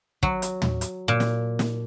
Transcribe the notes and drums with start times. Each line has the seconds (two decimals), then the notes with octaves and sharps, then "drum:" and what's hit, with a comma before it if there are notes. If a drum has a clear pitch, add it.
0.23 F#3, drum: kick
0.42 drum: hi-hat
0.62 drum: tom
0.81 drum: hi-hat
1.08 A#2
1.20 drum: snare
1.59 drum: snare